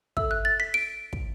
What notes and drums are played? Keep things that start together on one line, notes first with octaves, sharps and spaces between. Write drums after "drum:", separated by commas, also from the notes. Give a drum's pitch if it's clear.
A4 E5 E6, drum: kick
F#6
A6
B6
D7
drum: kick